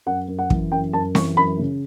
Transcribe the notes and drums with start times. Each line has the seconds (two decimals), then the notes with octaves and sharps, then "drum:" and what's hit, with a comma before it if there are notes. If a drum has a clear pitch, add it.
0.06 F#2 F#5
0.28 F#2
0.39 F#5
0.50 E3, drum: kick
0.72 F#2 G5
0.93 F#2 A5
1.15 E3 C#6, drum: snare C4
1.37 F#2 B5
1.59 C#3